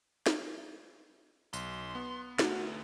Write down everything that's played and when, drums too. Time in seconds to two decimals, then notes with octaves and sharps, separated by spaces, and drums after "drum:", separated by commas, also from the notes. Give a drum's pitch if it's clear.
0.26 drum: snare
1.53 B1 C6, drum: tambourine
1.95 B3
2.39 D3 A3 F#4, drum: snare